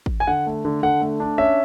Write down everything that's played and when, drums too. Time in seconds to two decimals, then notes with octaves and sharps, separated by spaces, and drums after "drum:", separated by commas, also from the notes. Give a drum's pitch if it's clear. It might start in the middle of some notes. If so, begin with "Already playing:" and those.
0.06 drum: kick G#1
0.20 G#5
0.27 D3 F#5
0.46 A3
0.65 D3
0.83 D3 F#5
1.02 A3
1.20 D4
1.38 C#4 E5